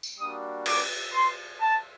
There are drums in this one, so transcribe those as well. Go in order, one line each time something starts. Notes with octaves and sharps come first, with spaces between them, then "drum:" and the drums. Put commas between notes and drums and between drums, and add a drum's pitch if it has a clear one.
drum: tambourine
G3 A#3 D4 F#4 D#6
D6, drum: cymbal
C6
A5